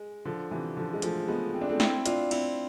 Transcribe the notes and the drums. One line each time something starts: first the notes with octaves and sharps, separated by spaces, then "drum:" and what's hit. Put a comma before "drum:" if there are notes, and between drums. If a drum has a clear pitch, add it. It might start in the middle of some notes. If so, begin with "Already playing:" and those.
Already playing: G#3
D3 F3
C3 E3
D3 F3
G#3
F3 A3, drum: hi-hat
G#3 B3
C4
D4
A3 C4
C4 E4, drum: snare
D4 F4, drum: hi-hat
C4 E4, drum: cymbal